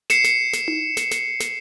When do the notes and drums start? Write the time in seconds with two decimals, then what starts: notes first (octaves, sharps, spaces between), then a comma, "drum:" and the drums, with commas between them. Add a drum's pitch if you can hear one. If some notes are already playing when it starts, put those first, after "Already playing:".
0.10 C7 C#7 E7, drum: snare
0.24 drum: snare
0.53 drum: snare
0.68 drum: tom D#4
0.97 drum: snare
1.11 drum: snare
1.40 drum: snare